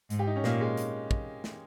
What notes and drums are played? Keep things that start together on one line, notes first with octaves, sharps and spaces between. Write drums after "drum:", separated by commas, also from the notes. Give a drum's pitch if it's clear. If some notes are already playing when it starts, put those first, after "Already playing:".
G#2, drum: hi-hat
G4
D#4
C#4
A#2 A#3, drum: snare
G#3
drum: hi-hat
drum: kick
drum: snare